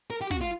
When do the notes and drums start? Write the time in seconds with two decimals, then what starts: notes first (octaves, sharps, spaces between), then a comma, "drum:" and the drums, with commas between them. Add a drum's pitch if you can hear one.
0.10 A#4
0.21 G4
0.31 F#4, drum: snare
0.41 F4